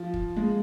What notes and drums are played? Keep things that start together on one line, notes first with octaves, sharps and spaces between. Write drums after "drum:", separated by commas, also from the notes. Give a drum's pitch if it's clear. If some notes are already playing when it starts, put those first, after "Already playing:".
Already playing: F3
drum: kick
G#3